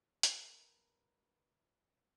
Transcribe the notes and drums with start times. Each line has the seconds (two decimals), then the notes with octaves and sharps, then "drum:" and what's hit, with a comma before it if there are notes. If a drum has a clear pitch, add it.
0.23 A#4 B4 A5, drum: hi-hat